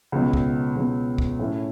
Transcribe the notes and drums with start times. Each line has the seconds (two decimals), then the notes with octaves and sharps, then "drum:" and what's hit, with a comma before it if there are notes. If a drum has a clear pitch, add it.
0.12 C#2 B2 F#3
0.33 drum: kick
0.76 C#2 B2 F#3
1.18 drum: kick
1.39 A2 A3 C#4